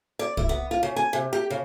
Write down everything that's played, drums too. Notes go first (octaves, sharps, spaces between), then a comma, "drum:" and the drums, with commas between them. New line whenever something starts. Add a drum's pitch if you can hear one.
D5
E4, drum: kick
B3
F4
C#3
G#5
C3
G4
C#3